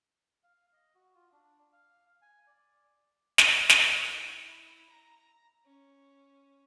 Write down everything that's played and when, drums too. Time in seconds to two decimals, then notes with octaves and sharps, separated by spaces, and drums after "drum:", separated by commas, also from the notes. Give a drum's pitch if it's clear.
0.43 F5
0.73 D#5
0.95 F#4
1.15 F4
1.32 D4
1.72 F5
2.22 G#5
2.47 D5
3.38 drum: snare
3.69 drum: snare
4.01 E4
4.90 A#5
5.65 C#4